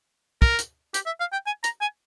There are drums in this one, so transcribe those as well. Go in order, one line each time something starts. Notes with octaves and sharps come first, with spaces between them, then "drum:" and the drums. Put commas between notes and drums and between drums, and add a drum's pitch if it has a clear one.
A#4, drum: kick
drum: hi-hat
G4, drum: hi-hat
E5
F5
G5
G#5
A#5, drum: hi-hat
G#5